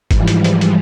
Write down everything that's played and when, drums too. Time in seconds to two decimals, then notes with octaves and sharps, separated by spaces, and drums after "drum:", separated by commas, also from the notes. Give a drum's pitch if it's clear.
0.11 G#2 E3 F3 G3, drum: kick, hi-hat
0.28 drum: hi-hat
0.44 drum: hi-hat
0.61 drum: hi-hat